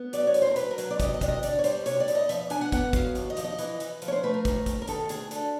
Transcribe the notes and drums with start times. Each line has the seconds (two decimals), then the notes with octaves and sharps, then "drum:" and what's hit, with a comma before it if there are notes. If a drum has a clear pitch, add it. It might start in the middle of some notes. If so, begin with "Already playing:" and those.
Already playing: B3
0.13 F#3 D5, drum: hi-hat
0.27 C#5
0.34 E2, drum: hi-hat
0.42 C5
0.51 A#4
0.56 F#3 B4, drum: hi-hat
0.71 A#4
0.78 F#3, drum: hi-hat
0.91 D5
1.00 C3 D#5, drum: kick, hi-hat
1.14 D#5
1.21 C3 D5, drum: kick, hi-hat
1.28 D#5
1.43 D3 D5, drum: hi-hat
1.59 C#5
1.64 G3 C5, drum: hi-hat
1.86 C3 C#5, drum: hi-hat
2.00 D5
2.08 E2, drum: hi-hat
2.15 D#5
2.29 F3 E5, drum: hi-hat
2.50 D4 G#5, drum: hi-hat
2.61 F#5
2.72 B3 F#5, drum: kick, hi-hat
2.93 F#3 F5, drum: kick, hi-hat
3.15 D#2, drum: hi-hat
3.30 D#5
3.37 F3, drum: hi-hat
3.44 D#5
3.59 E3, drum: hi-hat
3.80 E3, drum: hi-hat
4.02 F3, drum: hi-hat
4.08 C#5
4.12 C5
4.23 A3 B4
4.34 A#4
4.45 D#2, drum: kick, hi-hat
4.66 D#2, drum: kick, hi-hat
4.82 A#4
4.88 D#3 A4, drum: hi-hat
5.09 D2 G#4, drum: hi-hat
5.31 D4 A4, drum: hi-hat